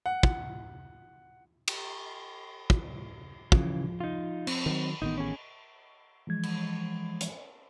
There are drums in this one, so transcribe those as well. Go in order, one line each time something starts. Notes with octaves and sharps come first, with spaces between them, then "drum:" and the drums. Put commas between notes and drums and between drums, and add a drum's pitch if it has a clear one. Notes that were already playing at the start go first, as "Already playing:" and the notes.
F#5
drum: kick
drum: cymbal
drum: kick
C#3 E3 F3, drum: kick
D#4 F4
C4, drum: cymbal
D#3 F#3
A1 D#3 B3 D#4
C#4 G#4
E3 F3 G#3 G#6
drum: cymbal
drum: hi-hat